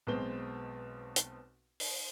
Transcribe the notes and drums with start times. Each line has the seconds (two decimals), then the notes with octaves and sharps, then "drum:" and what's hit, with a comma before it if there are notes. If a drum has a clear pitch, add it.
0.07 B1 B2 G#3 C4 G7
1.16 drum: hi-hat
1.80 drum: open hi-hat